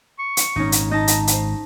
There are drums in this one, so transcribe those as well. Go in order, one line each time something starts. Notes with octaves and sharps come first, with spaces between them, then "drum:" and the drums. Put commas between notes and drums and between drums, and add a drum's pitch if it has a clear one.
C#6
drum: hi-hat
G#1 A#2 C#4 D#4
drum: hi-hat
D#4 D#5 A5
drum: hi-hat
C5, drum: hi-hat